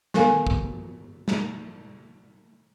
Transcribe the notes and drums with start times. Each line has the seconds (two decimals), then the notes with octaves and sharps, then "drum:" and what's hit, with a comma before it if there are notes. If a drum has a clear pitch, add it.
0.14 D#3 B3 A4 A#4 F5 G#5, drum: snare
0.47 drum: kick
1.28 drum: snare